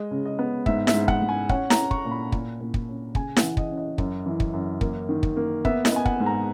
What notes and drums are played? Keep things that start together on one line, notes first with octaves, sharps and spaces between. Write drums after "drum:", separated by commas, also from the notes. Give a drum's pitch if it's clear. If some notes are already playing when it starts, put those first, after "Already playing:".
Already playing: G#3 D#5
C#3
D#5
B3
G#2 E5, drum: kick
E5, drum: snare E4
G#2
F#5, drum: kick
G#2
G#5
C#4 F#5, drum: kick
A#5, drum: snare E4
C#4
C#6, drum: kick
A#2
B5
A#2, drum: kick
A#2
drum: kick
C#4
C#3 G#5, drum: kick
F#5, drum: snare E4
E3
D#5, drum: kick
C#4
D#5
F#2, drum: kick
E3
drum: kick
F#2
A#3, drum: kick
D#3
drum: kick
A#3
B3 E5, drum: kick
D#5, drum: snare E4
B3 G#5
F#5, drum: kick
G#2
A#5